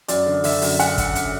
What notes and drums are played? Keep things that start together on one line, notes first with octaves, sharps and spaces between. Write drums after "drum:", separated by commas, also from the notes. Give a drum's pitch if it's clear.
F#2 D5, drum: hi-hat
D3
D3 E5, drum: open hi-hat
F#2, drum: open hi-hat
F#5, drum: hi-hat
drum: kick, hi-hat
drum: hi-hat